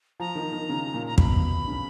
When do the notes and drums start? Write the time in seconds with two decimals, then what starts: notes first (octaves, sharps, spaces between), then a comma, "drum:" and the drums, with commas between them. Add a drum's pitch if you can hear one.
0.20 F3 A#5
0.35 D#3
0.52 D#3
0.69 C#3
0.94 A#2
1.07 A#5
1.18 B2 B5, drum: kick
1.68 C#3